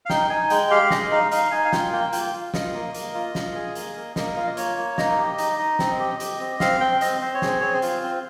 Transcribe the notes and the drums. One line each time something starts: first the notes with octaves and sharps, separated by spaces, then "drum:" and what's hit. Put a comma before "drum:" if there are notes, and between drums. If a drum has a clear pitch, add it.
F5
D#4 G5, drum: snare
D#4 G#5
G#3 G5, drum: hi-hat
G4 F5
G#3 D#5, drum: snare
D#4 F5
D#4 F5, drum: hi-hat
D#4 G#5
F5
F4 G5, drum: snare
A#3 G5
F4 G5, drum: hi-hat
F4
F4 D#5, drum: snare
A#3
A#3, drum: hi-hat
F4
F4, drum: snare
G#4
A#3, drum: hi-hat
A#3
A#3 D#5, drum: snare
F4 F5
D#5
A#3 C#5, drum: hi-hat
A#3
D#4 D#5, drum: snare
G4
D#4, drum: hi-hat
D#4
C4, drum: snare
G4
G4, drum: hi-hat
C4
C4 F5, drum: snare
C4 G5
C4 D#5, drum: hi-hat
C4 C5
C#5
G#4, drum: snare
C5
C4 C#5
C5
F4, drum: hi-hat
C4